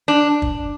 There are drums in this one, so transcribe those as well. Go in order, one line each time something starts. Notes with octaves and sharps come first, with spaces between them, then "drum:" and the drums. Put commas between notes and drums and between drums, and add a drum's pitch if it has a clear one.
D4
drum: kick